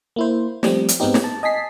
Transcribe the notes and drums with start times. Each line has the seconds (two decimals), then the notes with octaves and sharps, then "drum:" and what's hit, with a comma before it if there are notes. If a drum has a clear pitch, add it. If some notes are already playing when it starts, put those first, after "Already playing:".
0.16 A#3 E4 C5
0.63 F3 G3 A3 C4, drum: snare
0.89 drum: hi-hat
1.00 G#2 G#3 B3 C4 D#4 G4
1.14 drum: snare
1.24 A5
1.43 D#5 G#5 A5 B6 C7